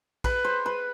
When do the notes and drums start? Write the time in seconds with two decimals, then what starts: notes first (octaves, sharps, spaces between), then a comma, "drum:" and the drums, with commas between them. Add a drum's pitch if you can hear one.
0.24 B4, drum: kick A#1, cymbal
0.44 C5
0.66 B4